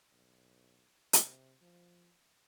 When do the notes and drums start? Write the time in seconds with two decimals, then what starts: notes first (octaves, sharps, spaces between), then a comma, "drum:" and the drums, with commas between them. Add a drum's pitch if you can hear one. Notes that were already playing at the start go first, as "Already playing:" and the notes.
0.12 B1
1.13 C3, drum: hi-hat
1.61 F3